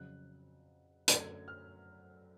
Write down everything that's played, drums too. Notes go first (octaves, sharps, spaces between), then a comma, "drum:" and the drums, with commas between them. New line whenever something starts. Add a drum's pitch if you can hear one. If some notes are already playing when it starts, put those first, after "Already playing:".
Already playing: F2 C#3 F#3 F#6
F#2 D3 F#3 A3 G#6, drum: hi-hat
F6